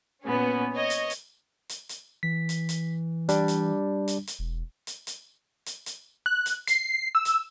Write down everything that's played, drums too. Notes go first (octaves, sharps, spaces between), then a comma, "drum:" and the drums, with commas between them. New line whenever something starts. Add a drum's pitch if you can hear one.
A#2 B3 C#4
C#5 D#5
drum: hi-hat
drum: hi-hat
drum: hi-hat
drum: hi-hat
E3 B6
drum: hi-hat
drum: hi-hat
G3 D4, drum: hi-hat
drum: hi-hat
drum: hi-hat
drum: hi-hat
E1
drum: hi-hat
drum: hi-hat
drum: hi-hat
drum: hi-hat
F#6
drum: hi-hat
C7, drum: hi-hat
E6
drum: hi-hat